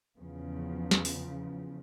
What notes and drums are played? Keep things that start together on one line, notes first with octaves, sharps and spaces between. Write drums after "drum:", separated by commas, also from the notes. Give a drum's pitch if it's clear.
E2 C#3 F3
drum: snare
drum: open hi-hat